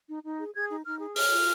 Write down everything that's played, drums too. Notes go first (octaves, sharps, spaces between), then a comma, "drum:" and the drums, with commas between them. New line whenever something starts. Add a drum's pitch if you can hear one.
D#4
D#4
G#4
G#4 G#6
D#4
D#4 F6
G#4
C#5 F6, drum: open hi-hat
F4